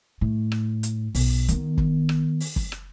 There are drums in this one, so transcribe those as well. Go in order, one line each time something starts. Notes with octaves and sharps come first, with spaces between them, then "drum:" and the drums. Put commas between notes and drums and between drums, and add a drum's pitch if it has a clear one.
A2
drum: rim click
drum: hi-hat
B1, drum: open hi-hat
D#3 B3, drum: hi-hat
drum: kick F#1
drum: rim click
drum: open hi-hat
drum: kick F#1
drum: rim click